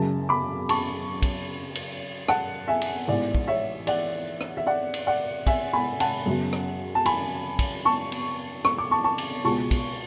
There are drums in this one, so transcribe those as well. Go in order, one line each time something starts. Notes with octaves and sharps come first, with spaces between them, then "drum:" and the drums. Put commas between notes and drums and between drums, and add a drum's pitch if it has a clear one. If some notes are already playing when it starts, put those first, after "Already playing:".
Already playing: F#1 F#2 C#3 A5
B5 D6
A5 C#6, drum: cymbal
drum: kick, cymbal
drum: cymbal
F#5 A5, drum: rim click
E5 G#5
drum: cymbal
A1 G#2 G#3 B3 D5
drum: kick
C#5 E5
D5 F#5, drum: cymbal
drum: rim click
E5
D5 F#5
drum: cymbal
D5 F#5
E5 G#5, drum: kick, cymbal
G#5 B5
F#5 A5, drum: cymbal
F#2 C#3 F#3 B3
drum: rim click
A5
G#5 B5, drum: cymbal
drum: kick, cymbal
A5 C#6
drum: cymbal
C#6, drum: rim click
D6
A5 C#6
A5 C#6
drum: cymbal
C#2 B2 G#3 B3 A5 C#6
drum: kick, cymbal